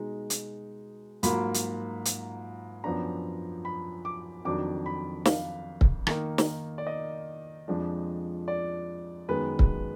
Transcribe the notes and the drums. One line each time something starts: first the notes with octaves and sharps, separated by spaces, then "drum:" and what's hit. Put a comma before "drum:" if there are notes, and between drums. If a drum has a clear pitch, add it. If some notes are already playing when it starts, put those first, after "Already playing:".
Already playing: B2 G#3 D#4
drum: hi-hat
G#2 F#3 A#3 F4 B5, drum: hi-hat
drum: hi-hat
drum: hi-hat
F#2 F3 B3 D4 A#5
B5
D6
F2 D#3 F#3 D4 D6
B5
F5, drum: snare
drum: kick C#1
D#3 A#3 D#4, drum: rim click
drum: snare
D5
D#5
F2 F3 G#3 D4
D5
F#2 D#3 G#3 B3 B4
drum: kick C#1